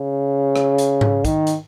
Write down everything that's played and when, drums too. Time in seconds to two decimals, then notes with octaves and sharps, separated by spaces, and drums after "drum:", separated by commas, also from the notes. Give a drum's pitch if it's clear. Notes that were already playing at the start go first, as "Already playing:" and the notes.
Already playing: C#3
0.56 drum: rim click
0.78 drum: hi-hat
1.01 drum: tom G#2
1.25 D#3, drum: kick, hi-hat
1.47 drum: hi-hat